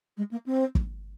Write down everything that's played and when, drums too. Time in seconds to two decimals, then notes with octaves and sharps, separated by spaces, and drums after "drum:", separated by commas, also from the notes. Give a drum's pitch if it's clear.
0.17 G#3
0.31 A#3
0.46 C4
0.75 drum: kick